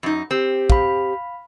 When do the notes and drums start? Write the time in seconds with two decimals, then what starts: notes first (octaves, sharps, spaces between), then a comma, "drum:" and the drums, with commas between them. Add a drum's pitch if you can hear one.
0.03 F#2 D#4
0.31 C4 G4
0.70 F5 B5, drum: kick